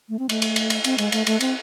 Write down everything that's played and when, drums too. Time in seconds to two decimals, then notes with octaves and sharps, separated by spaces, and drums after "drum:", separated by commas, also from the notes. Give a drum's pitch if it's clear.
0.09 A3
0.19 C4
0.29 A3, drum: cymbal
0.42 drum: cymbal
0.56 drum: cymbal
0.70 drum: cymbal
0.84 C4, drum: cymbal
0.98 G#3, drum: cymbal
1.12 A3, drum: cymbal
1.27 A3, drum: cymbal
1.40 C4, drum: cymbal